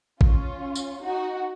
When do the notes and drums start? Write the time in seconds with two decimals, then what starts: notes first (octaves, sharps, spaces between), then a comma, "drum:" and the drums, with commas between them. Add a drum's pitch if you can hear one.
0.21 C#4 F4, drum: kick
0.75 drum: tambourine
1.01 D#4 F#4